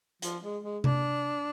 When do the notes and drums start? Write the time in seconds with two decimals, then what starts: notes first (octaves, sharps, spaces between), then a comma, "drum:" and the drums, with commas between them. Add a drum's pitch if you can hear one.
0.22 F3, drum: hi-hat
0.43 G#3
0.63 G#3
0.84 D4, drum: tom C3